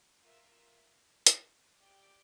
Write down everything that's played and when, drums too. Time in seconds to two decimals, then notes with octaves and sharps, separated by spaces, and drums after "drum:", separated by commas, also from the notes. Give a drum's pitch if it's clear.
0.21 F4 A#4 E5
1.27 drum: hi-hat
1.79 G4 D5 G5